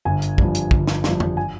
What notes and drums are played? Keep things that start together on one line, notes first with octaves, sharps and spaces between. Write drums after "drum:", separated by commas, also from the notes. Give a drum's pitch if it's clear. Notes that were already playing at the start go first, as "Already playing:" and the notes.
G1 G#5
drum: hi-hat
G2 F3, drum: kick
drum: hi-hat
G1, drum: kick
drum: snare
G2 F3, drum: snare
drum: tom F2
G#5